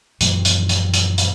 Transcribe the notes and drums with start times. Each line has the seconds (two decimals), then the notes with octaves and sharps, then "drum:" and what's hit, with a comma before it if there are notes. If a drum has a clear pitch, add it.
0.21 F#2 A#2 E3 F3, drum: hi-hat
0.45 drum: hi-hat
0.69 drum: hi-hat
0.94 drum: hi-hat
1.18 drum: hi-hat